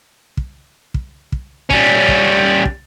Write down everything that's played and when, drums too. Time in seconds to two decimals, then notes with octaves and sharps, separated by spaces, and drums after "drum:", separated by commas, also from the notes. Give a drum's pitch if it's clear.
0.37 drum: kick
0.94 drum: kick
1.32 drum: kick
1.70 G3 C#4, drum: kick
2.08 drum: kick
2.65 drum: kick